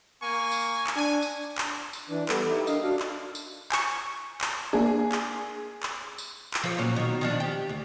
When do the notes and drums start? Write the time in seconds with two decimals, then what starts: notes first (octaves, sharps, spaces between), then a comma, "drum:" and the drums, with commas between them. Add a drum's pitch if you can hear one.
0.22 A#3 G#5 C#6
0.52 drum: tambourine
0.87 drum: clap
0.96 D4 G#5
1.22 drum: tambourine
1.58 drum: clap
1.93 drum: tambourine
2.09 E3 D4
2.29 G3 B3 A4, drum: clap
2.47 D#4 E4 G4
2.67 D4 A#4 D#5 F5, drum: tambourine
2.83 D4 F#4 A4 F5
3.00 drum: clap
3.35 drum: tambourine
3.72 G#5 C#6, drum: clap
4.41 drum: clap
4.73 A#3 D4 G#4
5.12 drum: clap
5.83 drum: clap
6.18 drum: tambourine
6.54 drum: clap
6.64 F3 C#5
6.78 A#2 F#3 C#4
6.96 B2 D#3
7.21 D#3 F3 D4
7.40 G4
7.69 D2